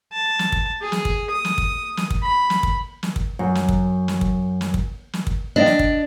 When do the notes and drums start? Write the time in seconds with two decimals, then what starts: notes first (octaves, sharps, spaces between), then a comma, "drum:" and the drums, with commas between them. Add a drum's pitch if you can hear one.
0.13 A5
0.39 drum: snare
0.52 drum: kick
0.82 G#4
0.92 drum: snare
1.05 drum: kick
1.30 D#6
1.45 drum: snare
1.58 drum: kick
1.97 drum: snare
2.10 drum: kick
2.22 B5
2.50 drum: snare
2.63 drum: kick
3.03 drum: snare
3.16 drum: kick
3.39 F#2
3.55 drum: snare
3.69 drum: kick
4.08 drum: snare
4.21 drum: kick
4.61 drum: snare
4.74 drum: kick
5.13 drum: snare
5.27 drum: kick
5.56 D4 D#5 E5 G5
5.66 drum: snare
5.79 drum: kick